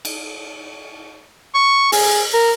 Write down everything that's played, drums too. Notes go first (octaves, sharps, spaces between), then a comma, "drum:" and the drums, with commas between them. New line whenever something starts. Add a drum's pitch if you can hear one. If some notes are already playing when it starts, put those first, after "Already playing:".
drum: cymbal
C#6
G#4, drum: open hi-hat
A#4